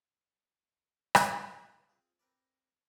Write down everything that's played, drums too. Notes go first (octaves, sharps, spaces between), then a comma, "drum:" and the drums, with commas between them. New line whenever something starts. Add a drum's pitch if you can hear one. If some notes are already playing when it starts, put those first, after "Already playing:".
drum: rim click
A#2 C#4 G4
C4 F4 G#4
C4 A#4 B4 D5